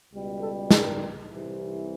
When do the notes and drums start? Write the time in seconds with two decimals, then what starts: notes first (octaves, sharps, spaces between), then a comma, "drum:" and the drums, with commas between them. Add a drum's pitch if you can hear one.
0.12 C#2 B2 G3
0.41 A4
0.71 A#4, drum: snare
1.29 C2 C3 E3